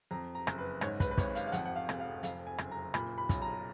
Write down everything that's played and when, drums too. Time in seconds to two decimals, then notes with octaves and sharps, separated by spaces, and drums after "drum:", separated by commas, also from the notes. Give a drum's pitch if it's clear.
0.11 F2 A#5
0.35 A#5
0.47 F#1, drum: rim click
0.58 B4
0.81 G#2 C#5, drum: rim click
1.00 B4, drum: kick, hi-hat
1.11 B4
1.18 G#1 C#5, drum: kick, hi-hat
1.35 F5, drum: hi-hat
1.47 F5
1.52 F2 F#5, drum: hi-hat
1.65 F#5
1.76 F5
1.89 F1, drum: rim click
2.00 F5
2.23 F2 F5, drum: hi-hat
2.47 G#5
2.58 F#1, drum: rim click
2.71 A#5
2.94 A#2 B5, drum: rim click
3.18 B5
3.29 B1, drum: kick, hi-hat
3.42 A#5